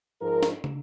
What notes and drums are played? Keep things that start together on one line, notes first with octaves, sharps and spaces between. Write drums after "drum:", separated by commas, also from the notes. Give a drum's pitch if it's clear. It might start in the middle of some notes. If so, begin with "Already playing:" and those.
G#2 F3 G#3 A#4
drum: snare
drum: tom